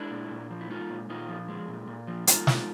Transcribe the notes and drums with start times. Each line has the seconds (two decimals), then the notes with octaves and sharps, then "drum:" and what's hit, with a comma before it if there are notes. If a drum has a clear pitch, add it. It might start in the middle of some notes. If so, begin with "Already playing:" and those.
Already playing: G#3 D4 E4
0.11 A#2
0.31 A#2
0.50 F3
0.61 E4
0.70 G#3 D#4 F4
0.90 A#2
1.09 A#2 D#4 F4
1.29 F3
1.48 G#3
1.68 A#2
1.87 A#2
2.07 F3
2.27 G#3 D#4 F4, drum: hi-hat
2.47 A#2, drum: snare